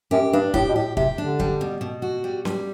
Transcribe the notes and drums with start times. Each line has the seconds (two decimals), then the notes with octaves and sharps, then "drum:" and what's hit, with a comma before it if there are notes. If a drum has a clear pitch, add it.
0.11 F#2 G4
0.33 G2 D4
0.54 A2 G4, drum: kick
0.69 B2
0.75 A2 G4
0.97 C3 G4, drum: kick
1.18 D3 D4
1.40 G3, drum: kick
1.61 B2
1.81 B2
2.02 F#4
2.24 G3
2.45 G3, drum: snare C#4